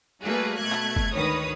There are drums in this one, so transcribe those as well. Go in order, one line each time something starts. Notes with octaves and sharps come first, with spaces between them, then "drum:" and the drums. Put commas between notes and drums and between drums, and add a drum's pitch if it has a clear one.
G3 A3 A#3 F#4 G#4 B4
B2 A3 F#6 G#6
drum: clap
drum: kick F#1
D2 G#2 D#3 B4 C#5 D#6